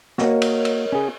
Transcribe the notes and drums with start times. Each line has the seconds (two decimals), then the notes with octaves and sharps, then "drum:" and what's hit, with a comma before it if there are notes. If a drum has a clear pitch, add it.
0.18 A#3 F#4 A#4 C#5 D#5, drum: snare
0.42 drum: cymbal
0.65 drum: cymbal
0.92 C#4 G#4